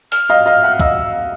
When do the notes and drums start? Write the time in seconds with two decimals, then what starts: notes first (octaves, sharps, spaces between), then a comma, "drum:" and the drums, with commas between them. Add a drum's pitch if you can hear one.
0.12 F6, drum: open hi-hat
0.29 D#5 F5
0.46 D#5 F5
0.63 E5 F#5
0.80 D#5 F5 E6, drum: kick